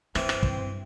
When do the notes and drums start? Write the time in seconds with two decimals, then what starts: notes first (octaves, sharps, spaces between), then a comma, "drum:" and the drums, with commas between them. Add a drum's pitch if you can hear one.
0.15 G2 E3 C4 C5 G5, drum: rim click
0.29 drum: rim click
0.43 drum: kick